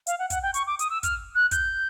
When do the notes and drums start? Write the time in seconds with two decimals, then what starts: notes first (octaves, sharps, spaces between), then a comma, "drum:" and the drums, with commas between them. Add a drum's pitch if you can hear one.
0.07 F5, drum: hi-hat
0.19 F#5
0.30 F#5, drum: kick, hi-hat
0.42 G5
0.54 C#6, drum: hi-hat
0.67 D6
0.79 D#6, drum: hi-hat
0.90 E6
1.03 F6, drum: kick, hi-hat
1.35 F#6
1.51 G6, drum: kick, hi-hat